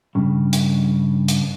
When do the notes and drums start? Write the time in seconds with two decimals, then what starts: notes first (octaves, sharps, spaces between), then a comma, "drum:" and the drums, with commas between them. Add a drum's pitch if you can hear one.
0.15 G2 C#3
0.53 drum: hi-hat
1.28 drum: hi-hat